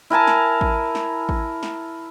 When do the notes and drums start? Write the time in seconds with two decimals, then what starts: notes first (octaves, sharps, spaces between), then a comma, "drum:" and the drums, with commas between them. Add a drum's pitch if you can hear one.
0.10 E4 A#4 G#5 A5
0.27 drum: snare
0.61 drum: kick A1
0.95 drum: snare
1.29 drum: kick A1
1.63 drum: snare